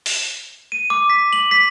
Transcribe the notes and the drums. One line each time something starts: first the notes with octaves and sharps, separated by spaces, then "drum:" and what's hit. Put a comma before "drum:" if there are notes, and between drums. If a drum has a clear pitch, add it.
drum: open hi-hat
D#7
D6
B6
F#7
B6